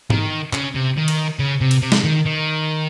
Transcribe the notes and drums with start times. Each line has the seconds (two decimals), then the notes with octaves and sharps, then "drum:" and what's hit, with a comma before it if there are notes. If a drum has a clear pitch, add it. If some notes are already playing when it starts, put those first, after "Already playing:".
0.10 D#3, drum: tom G#2
0.53 C#3, drum: clap
0.75 C3
0.97 D#3
1.08 drum: cymbal
1.39 C#3
1.61 C3
1.71 drum: cymbal
1.82 C3
1.92 drum: snare
2.04 D#3
2.25 D#3